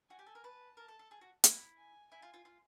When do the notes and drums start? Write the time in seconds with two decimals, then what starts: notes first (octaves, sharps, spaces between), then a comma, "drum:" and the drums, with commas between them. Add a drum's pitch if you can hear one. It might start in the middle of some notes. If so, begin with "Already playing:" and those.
0.10 F#4 G#5
0.19 G4
0.27 A4
0.35 A#4
0.44 B4 A5
0.77 A#4 A5
0.88 A4
0.99 A4
1.11 G#4
1.21 F#4
1.44 E4, drum: hi-hat
1.77 G#5
2.11 E4 G#5
2.22 F4
2.34 F4
2.45 F4